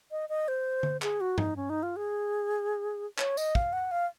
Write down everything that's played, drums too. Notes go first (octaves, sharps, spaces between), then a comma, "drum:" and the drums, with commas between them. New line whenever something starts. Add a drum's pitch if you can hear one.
D#5
D#5
C5
drum: tom D3
G#4, drum: clap
F#4
D#4, drum: tom G2
C#4
D#4
F4
G#4
C#5, drum: clap
D#5, drum: tambourine
F5, drum: kick
F#5
F5